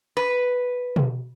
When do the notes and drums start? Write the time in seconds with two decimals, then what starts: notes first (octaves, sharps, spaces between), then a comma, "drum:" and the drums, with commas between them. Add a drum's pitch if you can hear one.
0.17 B4
0.96 drum: tom B2